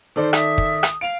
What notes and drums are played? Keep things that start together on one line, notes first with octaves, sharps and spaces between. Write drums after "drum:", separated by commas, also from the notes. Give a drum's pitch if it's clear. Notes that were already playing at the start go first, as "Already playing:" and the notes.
D#3 A4 C5 D5
E5 D#6, drum: rim click
drum: kick
drum: rim click
F5 D7 F7